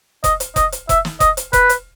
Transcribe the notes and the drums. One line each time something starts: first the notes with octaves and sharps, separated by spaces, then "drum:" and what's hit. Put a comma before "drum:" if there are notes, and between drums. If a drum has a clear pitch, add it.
D#5, drum: kick F1, hi-hat
drum: hi-hat
D#5, drum: kick F1, hi-hat
drum: hi-hat
E5, drum: kick F1, hi-hat
drum: snare
D#5, drum: kick F1, hi-hat
drum: hi-hat
B4, drum: kick F1, hi-hat
drum: hi-hat